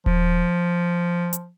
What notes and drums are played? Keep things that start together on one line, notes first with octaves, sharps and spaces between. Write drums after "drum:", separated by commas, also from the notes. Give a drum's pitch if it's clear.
F3, drum: kick D#1
drum: hi-hat